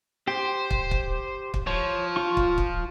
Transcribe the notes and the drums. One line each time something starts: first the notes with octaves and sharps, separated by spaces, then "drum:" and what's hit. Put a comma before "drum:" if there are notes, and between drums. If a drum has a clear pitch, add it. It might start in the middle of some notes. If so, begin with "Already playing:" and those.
G4 C5 G5
drum: kick
drum: kick
drum: kick
F3 C#5
F4 C#6
drum: kick
drum: kick